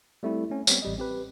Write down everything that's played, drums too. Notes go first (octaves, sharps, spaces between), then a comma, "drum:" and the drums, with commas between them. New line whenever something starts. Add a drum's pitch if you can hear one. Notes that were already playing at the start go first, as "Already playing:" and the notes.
G3 A3 C4 E4
A3 C4 C#4
G3 B3 C4 C#5, drum: tambourine
A1 G3 D#5
C4 G4 B4